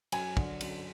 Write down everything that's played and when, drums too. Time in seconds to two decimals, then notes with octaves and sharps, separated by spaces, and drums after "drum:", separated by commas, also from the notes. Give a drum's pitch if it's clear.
0.12 F#2 G#5, drum: cymbal
0.37 D3, drum: kick
0.61 F#2, drum: cymbal